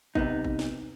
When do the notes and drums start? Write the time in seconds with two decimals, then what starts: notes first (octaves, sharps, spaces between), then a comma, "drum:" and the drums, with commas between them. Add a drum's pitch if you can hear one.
0.15 C3 B3 D#4, drum: kick G#1
0.44 drum: kick G#1
0.59 drum: snare